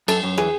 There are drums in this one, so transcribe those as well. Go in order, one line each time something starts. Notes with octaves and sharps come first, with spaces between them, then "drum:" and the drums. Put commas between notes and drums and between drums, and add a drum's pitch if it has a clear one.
F#2 A4, drum: cymbal
F#2
E3 G#4, drum: rim click